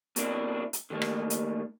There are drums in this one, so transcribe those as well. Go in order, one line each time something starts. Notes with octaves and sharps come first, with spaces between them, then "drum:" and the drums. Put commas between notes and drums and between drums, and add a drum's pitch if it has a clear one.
B2 A#3 C4 D4 E4, drum: hi-hat
drum: hi-hat
D3 D#3 F#3 G3 A3 A#3
drum: rim click
drum: hi-hat